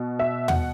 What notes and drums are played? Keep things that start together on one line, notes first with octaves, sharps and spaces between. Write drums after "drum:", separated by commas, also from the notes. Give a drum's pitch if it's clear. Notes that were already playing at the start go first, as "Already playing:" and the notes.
Already playing: B2
E5
F#5, drum: tom